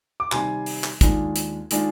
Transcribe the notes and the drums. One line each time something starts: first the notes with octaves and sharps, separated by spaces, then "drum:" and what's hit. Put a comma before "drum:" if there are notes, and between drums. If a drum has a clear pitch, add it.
D6
C3 D#3 G3 G#5 C6, drum: clap
drum: open hi-hat
drum: clap
D#2 D#3 G#3 D4 F4, drum: kick, hi-hat
drum: hi-hat
D#3 G#3 D4 F4, drum: hi-hat